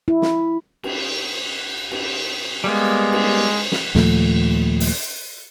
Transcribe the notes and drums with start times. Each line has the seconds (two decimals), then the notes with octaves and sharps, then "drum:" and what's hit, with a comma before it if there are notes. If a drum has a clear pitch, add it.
0.08 E4
0.22 drum: snare
0.83 drum: cymbal
1.91 drum: cymbal
2.64 G3 G#3 A#3 B3
3.12 drum: cymbal
3.72 drum: snare
3.95 D#2 A#2 F3 A3, drum: snare
4.80 drum: open hi-hat